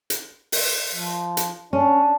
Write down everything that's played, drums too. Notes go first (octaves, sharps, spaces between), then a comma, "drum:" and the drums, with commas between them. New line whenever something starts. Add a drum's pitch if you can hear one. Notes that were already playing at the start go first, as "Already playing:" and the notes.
drum: hi-hat
drum: open hi-hat
F3
drum: hi-hat
C#4 D4